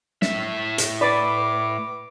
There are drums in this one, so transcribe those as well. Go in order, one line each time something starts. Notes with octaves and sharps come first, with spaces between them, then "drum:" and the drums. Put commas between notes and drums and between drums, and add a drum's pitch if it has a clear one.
A2 E5, drum: snare
drum: hi-hat
B4 D5 D6